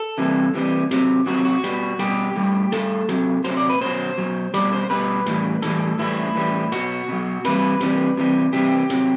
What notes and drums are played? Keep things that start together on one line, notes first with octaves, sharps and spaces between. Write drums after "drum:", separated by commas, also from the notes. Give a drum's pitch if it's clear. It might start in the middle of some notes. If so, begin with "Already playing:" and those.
Already playing: A4
C3 E3 G3
C3 E3 G3
C3 F#3, drum: hi-hat
C3 F#3 F#4
F#4
B2 G3, drum: hi-hat
B2 G3 G4, drum: hi-hat
A2 G3
A2 G3 A4, drum: hi-hat
C3 F#3, drum: hi-hat
C3 F#3 C5, drum: hi-hat
D5
B4
B2 F#3 C5
B2 F#3
B2 G3 D5, drum: hi-hat
C5
B2 G3 B4
A2 E3 G3, drum: hi-hat
A2 E3 G3 A4, drum: hi-hat
A2 E3 G3 E4
A2 E3 G3
B2 F#3 F#4, drum: hi-hat
B2 F#3
C3 E3 G3 B4, drum: hi-hat
C3 E3 G3, drum: hi-hat
C3 E3 G3
C3 E3 G3 G4
C3 F#3, drum: hi-hat